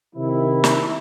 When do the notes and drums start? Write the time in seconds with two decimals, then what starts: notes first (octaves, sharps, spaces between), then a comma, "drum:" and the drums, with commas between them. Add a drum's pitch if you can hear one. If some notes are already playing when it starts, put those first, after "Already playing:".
0.15 C3 D#3 E4
0.64 drum: snare